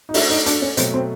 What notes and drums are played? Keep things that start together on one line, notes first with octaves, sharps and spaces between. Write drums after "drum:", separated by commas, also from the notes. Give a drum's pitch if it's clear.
D#4
A3 D4 E4 F#4 A4 C5, drum: open hi-hat
D#4
D4, drum: hi-hat
C#4
B2 F#3 A3 C4, drum: hi-hat
C4